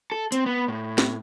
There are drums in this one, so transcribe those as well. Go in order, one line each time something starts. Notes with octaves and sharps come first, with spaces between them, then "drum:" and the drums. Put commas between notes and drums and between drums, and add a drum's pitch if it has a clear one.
A4
C4, drum: hi-hat
B3
A2
drum: snare